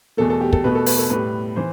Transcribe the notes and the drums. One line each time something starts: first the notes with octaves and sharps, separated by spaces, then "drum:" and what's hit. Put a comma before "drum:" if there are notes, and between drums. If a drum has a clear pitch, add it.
E2 B2 A3 A4
A4
G4
A4, drum: kick
B2 A3 B4
A4
B4, drum: open hi-hat
A4
A2 G3 B4
E3 C5